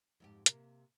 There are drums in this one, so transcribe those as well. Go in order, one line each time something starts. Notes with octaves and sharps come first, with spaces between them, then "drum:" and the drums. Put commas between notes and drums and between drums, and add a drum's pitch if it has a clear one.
F2 G#2 G4
C3 A#3, drum: hi-hat